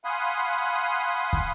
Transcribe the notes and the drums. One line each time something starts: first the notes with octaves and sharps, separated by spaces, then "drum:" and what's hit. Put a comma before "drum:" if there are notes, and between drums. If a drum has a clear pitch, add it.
F5 F#5 G#5 B5 C6 D#6
drum: kick